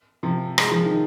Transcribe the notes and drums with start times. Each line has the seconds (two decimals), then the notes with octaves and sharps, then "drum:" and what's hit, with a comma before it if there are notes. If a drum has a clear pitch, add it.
0.23 C3 F3
0.58 G#3, drum: rim click
0.71 F3
0.85 D#3